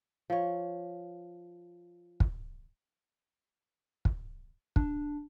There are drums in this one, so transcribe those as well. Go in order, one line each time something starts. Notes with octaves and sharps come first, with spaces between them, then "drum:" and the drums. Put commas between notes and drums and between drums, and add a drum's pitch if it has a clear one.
F3 C#5
drum: kick
drum: kick
D4, drum: kick